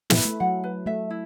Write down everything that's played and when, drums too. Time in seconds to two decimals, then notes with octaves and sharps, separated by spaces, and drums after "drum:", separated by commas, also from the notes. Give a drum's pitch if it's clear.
0.10 E4, drum: snare
0.17 B4
0.25 A3
0.40 F#3 F#5
0.64 B4
0.86 A3 E5
1.10 E4